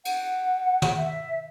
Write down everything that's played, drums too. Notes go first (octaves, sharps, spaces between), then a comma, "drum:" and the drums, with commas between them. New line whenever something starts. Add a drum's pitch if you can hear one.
F#5, drum: cymbal
drum: tom
E5